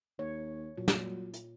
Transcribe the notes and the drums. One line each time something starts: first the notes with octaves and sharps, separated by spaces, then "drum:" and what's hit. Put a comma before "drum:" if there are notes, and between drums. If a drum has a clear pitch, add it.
D#2 C#5
A#2 F#3
drum: snare
drum: hi-hat